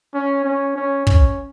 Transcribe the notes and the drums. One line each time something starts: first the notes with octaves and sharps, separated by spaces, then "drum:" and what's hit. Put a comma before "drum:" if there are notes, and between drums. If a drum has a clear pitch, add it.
C#4
C#4
C#4
C#4, drum: kick